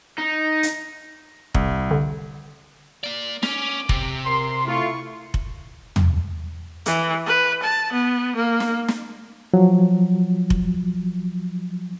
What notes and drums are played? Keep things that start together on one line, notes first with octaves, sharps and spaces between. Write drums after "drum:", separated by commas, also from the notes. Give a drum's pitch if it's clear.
D#4
drum: hi-hat
C2, drum: kick F1
D3
A#3 D5
C#4 D6, drum: snare
C3, drum: kick F1
A#4 C6
A3 E4 F4 C#6
drum: kick F1
drum: tom
E3, drum: hi-hat
B4
A5
B3
A#3
drum: snare
drum: snare
F3 F#3
drum: kick F1